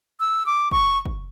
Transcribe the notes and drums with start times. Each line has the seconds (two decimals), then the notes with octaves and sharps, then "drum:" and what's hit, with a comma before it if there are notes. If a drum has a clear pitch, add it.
0.20 E6
0.46 D6
0.71 C#6, drum: kick
1.05 drum: kick